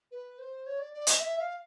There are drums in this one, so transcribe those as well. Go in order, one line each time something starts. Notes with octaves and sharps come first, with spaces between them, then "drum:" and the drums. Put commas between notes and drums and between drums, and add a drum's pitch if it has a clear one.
B4
C5
C#5
D5
D5
D#5, drum: hi-hat
E5
F5